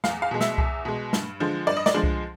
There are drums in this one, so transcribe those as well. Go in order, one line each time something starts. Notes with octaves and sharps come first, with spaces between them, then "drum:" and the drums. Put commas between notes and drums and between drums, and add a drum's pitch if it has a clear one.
E2 F5, drum: snare
F5
B2 G#3
E5, drum: snare
E2, drum: kick C2
B2 G#3
G2, drum: snare
D3 F3 G#3
G2 D5
D#5
D5, drum: snare
D3 F3 G#3
drum: kick C2